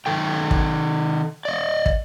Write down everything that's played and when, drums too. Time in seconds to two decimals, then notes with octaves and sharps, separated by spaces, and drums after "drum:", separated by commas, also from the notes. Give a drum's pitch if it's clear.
0.06 D#3 A4 G5
0.51 drum: kick
1.45 D5 D#5
1.86 drum: kick